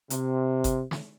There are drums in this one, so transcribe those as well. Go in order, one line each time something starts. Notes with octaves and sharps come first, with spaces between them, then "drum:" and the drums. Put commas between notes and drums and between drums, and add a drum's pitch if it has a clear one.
C3, drum: hi-hat
drum: kick G1, hi-hat
drum: snare